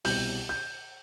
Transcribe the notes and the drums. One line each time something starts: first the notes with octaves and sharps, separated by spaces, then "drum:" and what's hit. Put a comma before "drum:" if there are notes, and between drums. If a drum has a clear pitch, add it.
C2 B2 G6, drum: open hi-hat
G6